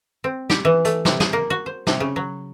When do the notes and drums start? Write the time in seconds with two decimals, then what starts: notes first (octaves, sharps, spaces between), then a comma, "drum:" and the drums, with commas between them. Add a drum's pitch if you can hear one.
0.24 C4
0.50 G4, drum: snare
0.65 E3
0.85 A3, drum: hi-hat
1.05 C3, drum: snare
1.20 G#4, drum: snare
1.33 A#3
1.50 F#4
1.66 C5
1.87 C3, drum: snare
2.00 C#3
2.16 F#3